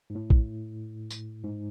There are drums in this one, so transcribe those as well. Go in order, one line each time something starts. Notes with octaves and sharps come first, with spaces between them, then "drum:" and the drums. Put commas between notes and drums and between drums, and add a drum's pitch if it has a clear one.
G#2
A2
drum: kick A#1
drum: tambourine
G#2